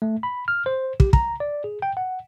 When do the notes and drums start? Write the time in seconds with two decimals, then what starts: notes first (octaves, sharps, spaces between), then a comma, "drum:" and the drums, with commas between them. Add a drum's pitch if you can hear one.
0.02 A3
0.23 B5
0.48 F6
0.66 C5
1.00 G4, drum: kick
1.13 A#5, drum: kick
1.40 D5
1.64 G#4
1.82 G5
1.97 F#5